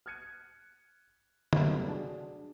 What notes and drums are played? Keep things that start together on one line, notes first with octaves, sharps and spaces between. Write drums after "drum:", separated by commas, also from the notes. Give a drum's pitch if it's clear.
F6 F#6 G#6 C#7 D#7
F#2 C3 G3 A3 B3, drum: tom D3
D4 F#4 G#4 A5